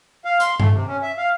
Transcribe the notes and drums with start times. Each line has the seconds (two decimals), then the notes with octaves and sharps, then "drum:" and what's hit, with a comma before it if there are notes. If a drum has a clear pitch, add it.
0.25 F5
0.40 C6, drum: hi-hat
0.60 A3, drum: tom G2
0.74 C3
0.87 C#4
1.02 E5
1.17 F5